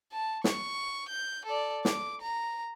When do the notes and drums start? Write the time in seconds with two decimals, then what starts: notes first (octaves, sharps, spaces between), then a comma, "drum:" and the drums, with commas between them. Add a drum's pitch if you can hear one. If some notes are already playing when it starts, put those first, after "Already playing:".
0.12 A5
0.44 C#6, drum: snare
1.09 G6
1.46 A4 D5
1.85 D6, drum: snare
2.21 A#5